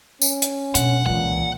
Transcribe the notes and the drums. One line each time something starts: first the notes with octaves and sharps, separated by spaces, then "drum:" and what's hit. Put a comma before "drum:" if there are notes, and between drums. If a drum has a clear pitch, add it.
C#4, drum: tambourine
drum: hi-hat
B2 D3 F#5, drum: hi-hat
C#2 A#2 E3 F#5